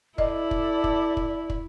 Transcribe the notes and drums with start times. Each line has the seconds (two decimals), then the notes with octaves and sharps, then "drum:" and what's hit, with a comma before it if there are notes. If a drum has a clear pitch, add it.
0.18 E4 A4 D5 D#5, drum: kick
0.51 drum: kick
0.84 drum: kick
1.17 drum: kick
1.50 drum: kick